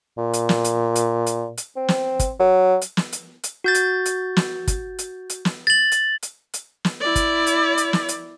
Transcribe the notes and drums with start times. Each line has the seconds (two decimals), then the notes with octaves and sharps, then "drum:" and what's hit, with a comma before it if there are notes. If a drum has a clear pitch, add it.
0.18 A#2
0.33 drum: hi-hat
0.49 drum: snare
0.64 drum: hi-hat
0.95 drum: hi-hat
1.26 drum: hi-hat
1.57 drum: hi-hat
1.76 C4
1.88 drum: snare
2.19 drum: kick, hi-hat
2.40 F#3
2.81 drum: hi-hat
2.97 drum: snare
3.12 drum: hi-hat
3.43 drum: hi-hat
3.64 F#4 G6 A6
3.74 drum: hi-hat
4.06 drum: hi-hat
4.37 drum: snare
4.68 drum: kick, hi-hat
4.99 drum: hi-hat
5.30 drum: hi-hat
5.45 drum: snare
5.67 A6 F#7
5.92 drum: hi-hat
6.23 drum: hi-hat
6.54 drum: hi-hat
6.85 drum: snare
7.01 E4 D5
7.16 drum: kick, hi-hat
7.47 drum: hi-hat
7.78 drum: hi-hat
7.93 drum: snare
8.09 drum: hi-hat